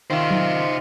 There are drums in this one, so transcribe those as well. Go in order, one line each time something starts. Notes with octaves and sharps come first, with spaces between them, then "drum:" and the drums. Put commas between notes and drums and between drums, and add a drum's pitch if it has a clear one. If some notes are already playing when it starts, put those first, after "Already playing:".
D#3 F4 C5 E5
drum: tom F#3